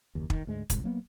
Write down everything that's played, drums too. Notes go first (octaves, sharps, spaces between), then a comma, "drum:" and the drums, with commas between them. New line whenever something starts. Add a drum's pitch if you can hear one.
F#1 D#2
D#3, drum: kick
D2 G#2 G#3
C2 G#2, drum: kick, hi-hat
F#3 A#3 B3